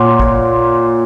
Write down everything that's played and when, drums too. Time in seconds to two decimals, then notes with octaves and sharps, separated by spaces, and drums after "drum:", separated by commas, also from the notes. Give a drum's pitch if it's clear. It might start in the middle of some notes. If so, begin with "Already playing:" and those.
Already playing: A#2 C#5 F#5 C6
0.20 drum: kick